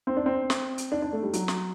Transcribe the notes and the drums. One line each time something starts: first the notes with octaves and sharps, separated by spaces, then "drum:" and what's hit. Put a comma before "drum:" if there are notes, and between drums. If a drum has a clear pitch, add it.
C4
D4
C4
drum: snare
drum: hi-hat
D4
D4
A3
G3
F#3, drum: hi-hat
drum: snare